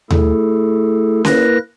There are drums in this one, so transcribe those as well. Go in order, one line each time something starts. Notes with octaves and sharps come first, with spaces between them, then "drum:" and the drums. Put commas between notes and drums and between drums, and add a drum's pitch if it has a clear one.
A3 E4 G#4 A4, drum: tom D#2
A#3 E4 A#4 B4 F#6 A#6, drum: snare C#4